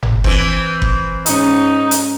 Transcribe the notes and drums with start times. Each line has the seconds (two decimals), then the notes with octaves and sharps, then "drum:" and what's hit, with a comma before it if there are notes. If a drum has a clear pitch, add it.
0.03 drum: tom G1
0.24 E3 C4, drum: kick F#1
0.82 drum: kick F#1
1.26 G#2 C#4 D#4, drum: hi-hat
1.91 drum: hi-hat